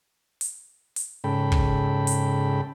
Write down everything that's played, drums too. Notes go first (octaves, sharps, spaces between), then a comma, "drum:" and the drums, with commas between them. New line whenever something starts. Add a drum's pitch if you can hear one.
drum: hi-hat
drum: hi-hat
G#2 C#3 A4 G5 B5
drum: kick
drum: hi-hat